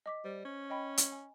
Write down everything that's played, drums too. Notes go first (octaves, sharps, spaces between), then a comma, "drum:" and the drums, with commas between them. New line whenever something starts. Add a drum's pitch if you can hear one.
D#5 D6 B6
G3 C5
C#4
D#5 G5 B5
drum: hi-hat
G#5